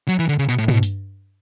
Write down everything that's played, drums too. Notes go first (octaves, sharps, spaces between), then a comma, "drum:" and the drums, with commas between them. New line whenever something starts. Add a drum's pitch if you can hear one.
F#3
E3
D3
C#3
B2
A2
B2, drum: tom
drum: hi-hat